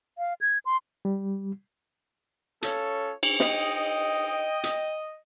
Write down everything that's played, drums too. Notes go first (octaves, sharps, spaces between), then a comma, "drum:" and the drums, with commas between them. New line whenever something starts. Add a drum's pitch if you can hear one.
F5
G#6
C6
G3
C#4 F4 A4 C#5, drum: hi-hat
drum: cymbal
D#5 G5, drum: snare
drum: hi-hat